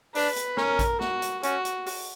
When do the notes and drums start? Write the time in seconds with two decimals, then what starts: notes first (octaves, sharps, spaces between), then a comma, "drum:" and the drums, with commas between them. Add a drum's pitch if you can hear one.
0.15 D4 B4, drum: open hi-hat
0.36 drum: hi-hat
0.57 C#4 A#4, drum: snare
0.79 drum: kick A#1, hi-hat
1.01 F#4, drum: snare
1.22 drum: hi-hat
1.43 C#4 F#4, drum: hi-hat
1.65 drum: hi-hat
1.86 drum: open hi-hat